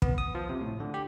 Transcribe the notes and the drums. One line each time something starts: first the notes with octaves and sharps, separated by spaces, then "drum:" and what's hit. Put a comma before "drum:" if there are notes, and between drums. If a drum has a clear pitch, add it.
B3, drum: kick
D#6
F3
C3
A2
D3
G4